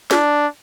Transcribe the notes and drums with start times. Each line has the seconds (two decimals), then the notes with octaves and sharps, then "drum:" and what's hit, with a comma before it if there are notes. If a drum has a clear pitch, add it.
0.11 D4, drum: snare